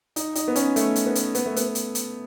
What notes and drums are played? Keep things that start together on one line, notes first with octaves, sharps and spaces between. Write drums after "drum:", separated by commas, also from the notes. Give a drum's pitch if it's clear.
D#4, drum: hi-hat
D#4, drum: hi-hat
B3
C#4, drum: hi-hat
A3, drum: hi-hat
drum: hi-hat
B3
drum: hi-hat
B3, drum: hi-hat
A3
B3, drum: hi-hat
drum: hi-hat
drum: hi-hat